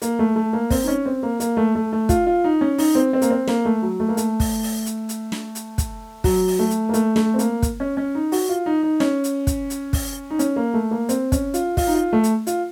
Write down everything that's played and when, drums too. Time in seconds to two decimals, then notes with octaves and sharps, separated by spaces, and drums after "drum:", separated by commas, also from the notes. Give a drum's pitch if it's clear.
0.02 A#3, drum: hi-hat
0.19 A3
0.36 A3
0.53 A#3
0.70 C4, drum: kick, open hi-hat
0.84 D#4
0.88 C#4
1.06 C4
1.23 A#3
1.40 A#3, drum: hi-hat
1.57 A3
1.75 A3
1.92 A3
2.09 F4, drum: kick, hi-hat
2.26 F4
2.44 D#4
2.61 C#4
2.78 D#4, drum: open hi-hat
2.95 C4
3.13 C4
3.22 A#3, drum: hi-hat
3.30 C4
3.47 A#3, drum: snare
3.65 A3
3.82 F#3
4.00 A3
4.08 A#3
4.17 A3, drum: hi-hat
4.40 drum: kick, open hi-hat
4.63 drum: open hi-hat
4.86 drum: hi-hat
5.09 drum: hi-hat
5.32 drum: snare
5.55 drum: hi-hat
5.78 drum: kick, hi-hat
6.24 F#3, drum: kick, open hi-hat
6.47 drum: open hi-hat
6.59 A3
6.70 drum: hi-hat
6.89 A#3
6.94 A3, drum: hi-hat
7.16 A3, drum: snare
7.34 C4
7.39 A#3, drum: hi-hat
7.62 drum: kick, hi-hat
7.80 C#4
7.97 C#4
8.15 D#4
8.32 F#4, drum: open hi-hat
8.49 F4
8.66 D#4
8.83 D#4
9.00 C#4, drum: snare
9.24 drum: hi-hat
9.47 drum: kick, hi-hat
9.70 drum: hi-hat
9.93 drum: kick, open hi-hat
10.30 D#4
10.39 C#4, drum: hi-hat
10.56 A#3
10.74 A3
10.91 A#3
11.09 C4, drum: hi-hat
11.32 C#4, drum: kick, hi-hat
11.54 F4, drum: hi-hat
11.77 F4, drum: kick, open hi-hat
11.87 D#4
11.95 F4
12.13 A3
12.24 drum: hi-hat
12.47 F4, drum: hi-hat